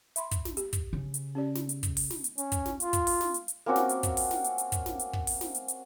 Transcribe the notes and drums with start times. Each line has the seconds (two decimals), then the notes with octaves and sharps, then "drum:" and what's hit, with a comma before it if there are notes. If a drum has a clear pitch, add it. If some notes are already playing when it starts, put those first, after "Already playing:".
0.16 E5 B5 C6, drum: hi-hat
0.31 drum: kick, hi-hat
0.45 drum: snare
0.57 G4, drum: hi-hat
0.73 drum: kick, hi-hat
0.93 C#3
1.14 drum: hi-hat
1.35 C#4 G4 D5
1.55 drum: snare
1.69 drum: hi-hat
1.83 drum: kick, hi-hat
1.97 drum: open hi-hat
2.10 drum: snare
2.24 drum: hi-hat
2.38 C#4, drum: hi-hat
2.52 drum: kick, hi-hat
2.66 drum: snare
2.80 F4, drum: hi-hat
2.93 drum: kick, hi-hat
3.07 drum: open hi-hat
3.21 drum: snare
3.34 drum: hi-hat
3.48 drum: hi-hat
3.66 A#3 C4 C#4 F#4
3.76 drum: snare
3.89 drum: hi-hat
4.03 drum: kick, hi-hat
4.17 drum: open hi-hat
4.31 drum: snare
4.45 drum: hi-hat
4.58 drum: hi-hat
4.72 drum: kick, hi-hat
4.86 drum: snare
5.00 drum: hi-hat
5.13 drum: kick
5.27 drum: open hi-hat
5.41 drum: snare
5.55 drum: hi-hat
5.68 drum: hi-hat